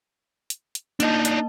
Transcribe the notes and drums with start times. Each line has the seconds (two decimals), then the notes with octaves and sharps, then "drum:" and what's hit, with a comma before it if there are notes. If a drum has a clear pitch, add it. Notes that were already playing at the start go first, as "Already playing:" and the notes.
0.50 drum: hi-hat
0.75 drum: hi-hat
1.00 A#3 D4 D#4 D#5 A5, drum: hi-hat
1.25 drum: hi-hat